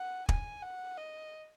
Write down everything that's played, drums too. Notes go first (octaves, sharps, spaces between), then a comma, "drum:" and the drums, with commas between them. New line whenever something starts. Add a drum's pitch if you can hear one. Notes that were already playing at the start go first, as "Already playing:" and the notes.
Already playing: F#5
G#5, drum: kick
F#5
D#5